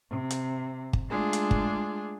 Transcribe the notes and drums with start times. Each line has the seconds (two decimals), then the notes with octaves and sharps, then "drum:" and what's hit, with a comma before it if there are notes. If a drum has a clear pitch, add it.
0.11 C3
0.30 drum: hi-hat
0.93 drum: kick
1.09 G#3 A3 D4 F4 G#4
1.33 drum: hi-hat
1.51 drum: kick